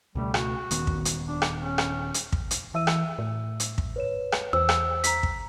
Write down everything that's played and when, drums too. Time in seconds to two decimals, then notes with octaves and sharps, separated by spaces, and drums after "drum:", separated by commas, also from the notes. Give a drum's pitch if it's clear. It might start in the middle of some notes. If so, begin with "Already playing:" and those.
0.15 C#2 B2 G3 A3
0.34 F#4, drum: rim click
0.71 D#1 D#3 B3, drum: hi-hat
0.87 drum: kick
1.05 drum: hi-hat
1.27 D4
1.42 drum: rim click
1.61 C#4
1.78 drum: rim click
2.14 drum: hi-hat
2.32 drum: kick
2.51 drum: hi-hat
2.74 E3 E5 E6 D#7
2.87 drum: rim click
3.19 A2
3.60 drum: hi-hat
3.78 drum: kick
3.96 B4 C#5 E7
4.32 drum: rim click
4.53 E2 C5 E6
4.69 drum: rim click
5.04 A#5 B6, drum: hi-hat
5.23 drum: kick